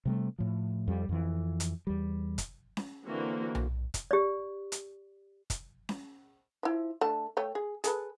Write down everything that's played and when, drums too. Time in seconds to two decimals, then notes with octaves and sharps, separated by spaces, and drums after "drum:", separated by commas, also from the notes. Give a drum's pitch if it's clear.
0.05 C3 G3 A3
0.39 A2 F3
0.88 F2 G3
1.09 F2 E3
1.60 drum: hi-hat
1.87 E2 G3
2.38 drum: kick, hi-hat
2.77 drum: snare C#4
3.06 D3 E3 A#3 C4 F#4 C5
3.55 drum: tom B1
3.94 drum: kick, hi-hat
4.11 G4 D5
4.72 drum: hi-hat
5.50 drum: kick, hi-hat
5.89 drum: snare C#4
6.63 F3 E4
7.01 A3 D4 A5
7.37 A3 C#5 G5
7.55 G#4
7.84 G#4 A4 B4, drum: hi-hat